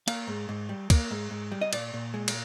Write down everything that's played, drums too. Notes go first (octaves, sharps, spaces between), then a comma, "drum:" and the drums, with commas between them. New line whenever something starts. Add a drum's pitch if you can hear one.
A#3 F5, drum: cymbal
G#2
G#2
G3
A#3, drum: kick, cymbal
G#2
G#2
G3
D#5
A#2 D5, drum: cymbal
A#2
G#3
drum: cymbal